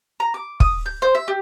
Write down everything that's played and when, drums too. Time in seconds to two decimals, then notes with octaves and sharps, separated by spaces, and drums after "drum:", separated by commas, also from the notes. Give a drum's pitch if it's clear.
0.20 A#5
0.34 D6
0.60 D#6, drum: kick
0.86 G6
1.02 C5
1.15 E5
1.28 G4